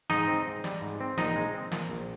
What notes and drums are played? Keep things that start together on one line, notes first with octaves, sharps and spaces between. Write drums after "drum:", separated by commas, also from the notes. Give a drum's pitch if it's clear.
G#2 D#4 D#5, drum: snare
C4
G#2
G3, drum: snare
G#2
C4
A#1 D#4 D#5, drum: snare
G#3
C4
A#2, drum: snare
A#1